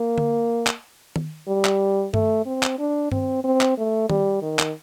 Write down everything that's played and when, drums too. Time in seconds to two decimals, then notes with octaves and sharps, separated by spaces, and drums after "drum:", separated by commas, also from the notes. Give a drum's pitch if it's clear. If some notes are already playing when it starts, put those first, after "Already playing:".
Already playing: A#3
0.18 drum: tom D3
0.67 drum: clap
1.16 drum: tom D#3
1.48 G3
1.65 drum: clap
2.14 A3, drum: tom G2
2.46 C4
2.63 drum: clap
2.79 D4
3.12 C4, drum: tom G2
3.44 C4
3.61 drum: clap
3.78 A3
4.10 G3, drum: tom D#3
4.42 D#3
4.59 drum: clap